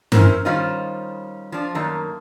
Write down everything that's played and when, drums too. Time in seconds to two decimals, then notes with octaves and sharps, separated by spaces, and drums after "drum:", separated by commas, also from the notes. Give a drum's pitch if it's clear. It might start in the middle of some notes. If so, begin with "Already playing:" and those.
0.12 C#4 E4 F#4 A#4 C5, drum: tom G2
0.45 D#3 G3 C#4 F4 C5 D#5
1.52 F3 D4
1.75 F#2 D#3 A3 A#3